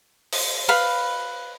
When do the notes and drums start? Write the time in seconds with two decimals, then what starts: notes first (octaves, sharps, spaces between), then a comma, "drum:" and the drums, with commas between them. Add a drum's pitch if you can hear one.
0.33 drum: open hi-hat
0.68 B4 F5 B5